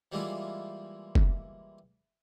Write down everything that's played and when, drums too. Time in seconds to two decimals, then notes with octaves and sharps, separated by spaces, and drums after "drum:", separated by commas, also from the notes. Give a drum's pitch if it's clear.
0.12 E3 G3 G#3 A#3 E4 F4
1.15 drum: kick